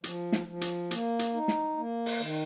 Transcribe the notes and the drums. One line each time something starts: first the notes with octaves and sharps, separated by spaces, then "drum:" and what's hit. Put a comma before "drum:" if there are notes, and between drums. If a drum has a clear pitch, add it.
F3, drum: hi-hat
drum: snare
F3
drum: hi-hat
A#3, drum: hi-hat
drum: hi-hat
D#4
drum: snare
A#3
drum: open hi-hat
D#3